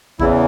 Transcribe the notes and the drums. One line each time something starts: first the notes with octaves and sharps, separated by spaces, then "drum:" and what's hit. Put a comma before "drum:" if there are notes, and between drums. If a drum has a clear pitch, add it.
E2 C#3 E3 E4, drum: kick G#1